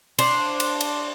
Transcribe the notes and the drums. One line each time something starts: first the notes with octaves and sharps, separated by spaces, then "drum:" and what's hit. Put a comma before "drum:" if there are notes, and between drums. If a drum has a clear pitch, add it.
D4 C5, drum: cymbal
drum: cymbal
drum: cymbal